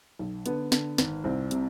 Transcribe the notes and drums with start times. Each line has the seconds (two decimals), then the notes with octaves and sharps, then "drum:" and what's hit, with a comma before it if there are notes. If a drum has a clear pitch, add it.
0.19 B1
0.46 D3 B3, drum: hi-hat
0.72 D3, drum: snare
0.98 G#1, drum: snare
1.24 C2 C4
1.51 C3, drum: hi-hat